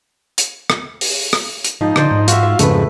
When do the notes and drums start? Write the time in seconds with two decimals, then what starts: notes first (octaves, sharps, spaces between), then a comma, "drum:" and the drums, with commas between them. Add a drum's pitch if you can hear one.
0.38 drum: hi-hat
0.70 drum: rim click
1.01 drum: open hi-hat
1.33 drum: rim click
1.65 drum: hi-hat
1.81 G#2 F3 D#4
1.96 D3 C5 D5, drum: rim click
2.11 G#2
2.28 F4 F#4 E5, drum: hi-hat
2.43 E5
2.59 F2 G#2 C#3 A3 E4 B4, drum: hi-hat